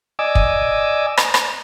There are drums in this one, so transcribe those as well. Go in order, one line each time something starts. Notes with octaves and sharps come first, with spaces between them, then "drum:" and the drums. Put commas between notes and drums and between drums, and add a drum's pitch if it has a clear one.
D5 D#5 G#5 D6 E6
drum: kick
drum: rim click
drum: rim click